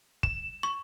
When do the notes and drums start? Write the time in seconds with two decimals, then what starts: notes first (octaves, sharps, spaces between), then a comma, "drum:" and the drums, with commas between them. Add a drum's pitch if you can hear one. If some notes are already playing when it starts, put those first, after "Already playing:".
0.23 E7, drum: kick
0.63 C#6